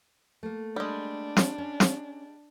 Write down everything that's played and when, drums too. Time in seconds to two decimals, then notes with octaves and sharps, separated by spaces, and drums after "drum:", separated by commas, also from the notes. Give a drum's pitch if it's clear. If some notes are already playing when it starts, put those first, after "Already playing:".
0.43 A3 A#3
0.76 G3 G#3 D4
1.37 drum: snare
1.58 C#4
1.80 drum: snare